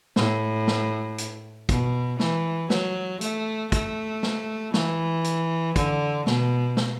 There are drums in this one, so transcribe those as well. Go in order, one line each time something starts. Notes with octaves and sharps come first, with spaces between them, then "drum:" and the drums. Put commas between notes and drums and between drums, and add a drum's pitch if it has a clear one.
A2, drum: snare
drum: snare
drum: hi-hat
B2, drum: kick, hi-hat
E3, drum: snare
F#3, drum: snare
A3, drum: hi-hat
A3, drum: kick, hi-hat
drum: snare
E3, drum: snare
drum: hi-hat
D3, drum: kick, hi-hat
B2, drum: snare
drum: snare